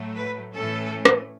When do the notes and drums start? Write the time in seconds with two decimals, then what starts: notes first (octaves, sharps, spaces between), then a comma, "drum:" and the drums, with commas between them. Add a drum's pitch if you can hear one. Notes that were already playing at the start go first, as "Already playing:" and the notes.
Already playing: A2 F#3 A3
0.15 B4
0.54 A2 E3 A3 C#4 A4
1.05 drum: rim click